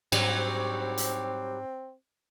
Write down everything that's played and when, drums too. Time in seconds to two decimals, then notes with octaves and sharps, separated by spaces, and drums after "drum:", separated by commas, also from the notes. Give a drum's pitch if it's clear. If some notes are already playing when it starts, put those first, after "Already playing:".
0.12 G#2 F#3 G3 C4, drum: cymbal
0.97 drum: hi-hat